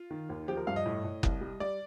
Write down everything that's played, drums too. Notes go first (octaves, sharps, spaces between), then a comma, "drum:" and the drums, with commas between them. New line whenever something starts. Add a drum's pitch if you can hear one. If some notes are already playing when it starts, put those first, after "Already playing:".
Already playing: F4
D#3
D#2
F3 G4
A#4
G2 F5
D#5
A2
A2
C2, drum: kick F#1
G3
G3 D5